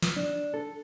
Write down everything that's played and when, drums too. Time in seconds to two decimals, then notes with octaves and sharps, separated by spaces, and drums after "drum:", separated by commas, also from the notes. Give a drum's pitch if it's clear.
0.02 drum: snare
0.16 D4
0.54 A4